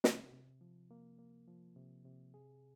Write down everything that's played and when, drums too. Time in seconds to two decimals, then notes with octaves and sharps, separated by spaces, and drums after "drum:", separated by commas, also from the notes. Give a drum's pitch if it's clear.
0.04 C3, drum: snare
0.32 C3
0.61 F3
0.91 A#3
1.19 A#3
1.48 F3
1.76 C3
2.05 C3
2.34 G#4